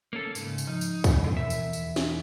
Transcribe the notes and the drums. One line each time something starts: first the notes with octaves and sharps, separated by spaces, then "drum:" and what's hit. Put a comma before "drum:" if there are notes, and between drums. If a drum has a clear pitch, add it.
A#3 C#4 A4
G#2 C#3, drum: tambourine
drum: tambourine
F3 D#4
drum: tambourine
drum: kick, tambourine
F2 B2
E2 E5
drum: tambourine
drum: tambourine
drum: snare